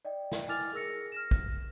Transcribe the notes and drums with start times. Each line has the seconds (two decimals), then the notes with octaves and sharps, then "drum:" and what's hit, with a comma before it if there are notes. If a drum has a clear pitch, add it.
0.05 D5 D#5 G5
0.32 drum: snare
0.48 E4 G#5 D6 F6 A6 F7
0.73 G#4 A#4 E6 A#6 C#7
1.12 F6 A#6 E7
1.31 drum: kick